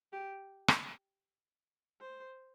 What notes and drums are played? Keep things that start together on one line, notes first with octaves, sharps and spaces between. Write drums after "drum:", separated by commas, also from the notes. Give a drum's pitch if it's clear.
G4
drum: rim click
C5